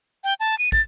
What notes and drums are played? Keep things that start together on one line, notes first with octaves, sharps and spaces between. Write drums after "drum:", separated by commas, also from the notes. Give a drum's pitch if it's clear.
G5
A5
D#7
A6, drum: kick